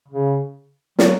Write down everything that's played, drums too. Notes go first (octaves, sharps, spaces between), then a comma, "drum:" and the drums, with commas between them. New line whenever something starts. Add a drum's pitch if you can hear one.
C#3
F#3, drum: snare